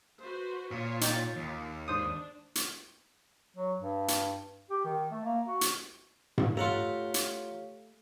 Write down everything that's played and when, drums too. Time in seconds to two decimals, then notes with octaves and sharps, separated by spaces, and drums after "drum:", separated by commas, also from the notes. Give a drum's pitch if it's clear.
0.22 F#4 B4 C5
0.71 A#2 F4 C#5
1.01 D#3 G5 A6, drum: hi-hat
1.36 D#2
1.88 G#2 D4 C5 D#6
2.55 drum: hi-hat
3.57 F#3
3.79 G2
4.08 drum: hi-hat
4.70 G4
4.85 D#3
5.11 A3
5.25 A#3
5.48 F#4
5.61 drum: hi-hat
6.38 drum: tom G#2
6.57 A3 F4 G4 C#5 F5 F#5 A#5
7.14 drum: hi-hat